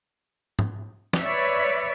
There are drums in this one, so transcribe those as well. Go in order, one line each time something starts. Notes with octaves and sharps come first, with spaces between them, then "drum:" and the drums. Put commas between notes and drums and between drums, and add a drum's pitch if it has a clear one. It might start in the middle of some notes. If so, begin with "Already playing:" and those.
drum: tom G#2
drum: snare
B4 C#5 D5 E5